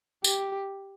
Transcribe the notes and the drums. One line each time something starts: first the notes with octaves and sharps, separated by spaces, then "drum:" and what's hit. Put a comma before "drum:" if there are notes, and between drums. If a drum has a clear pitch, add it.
G4, drum: tambourine